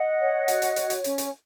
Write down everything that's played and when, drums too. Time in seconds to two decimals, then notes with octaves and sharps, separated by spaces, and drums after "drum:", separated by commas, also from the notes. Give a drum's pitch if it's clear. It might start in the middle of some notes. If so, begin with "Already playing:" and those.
Already playing: D#5 F#5
0.20 C#5
0.48 F#4, drum: hi-hat
0.62 drum: hi-hat
0.76 C#5, drum: hi-hat
0.90 drum: hi-hat
1.04 C#4, drum: hi-hat
1.18 drum: hi-hat